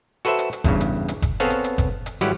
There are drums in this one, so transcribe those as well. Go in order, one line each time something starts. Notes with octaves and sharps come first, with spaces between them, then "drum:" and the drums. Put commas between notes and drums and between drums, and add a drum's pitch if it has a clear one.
F#4 A4 B4 C5 E5, drum: hi-hat
drum: hi-hat
drum: hi-hat
E2 G2 C#3, drum: kick F#1, hi-hat
drum: hi-hat
drum: hi-hat
drum: kick F#1, hi-hat
B3 C4 G#4 A4 C#5 F5
drum: hi-hat
drum: hi-hat
drum: kick F#1, hi-hat
drum: hi-hat
G#1 F#3 G3 E4 G4 F#5, drum: hi-hat